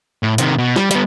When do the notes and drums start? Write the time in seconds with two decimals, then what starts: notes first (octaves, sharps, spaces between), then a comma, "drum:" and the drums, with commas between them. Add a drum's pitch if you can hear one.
0.23 A2
0.38 C3 D#3, drum: hi-hat
0.58 B2
0.76 G3, drum: snare
0.91 G3 B3, drum: hi-hat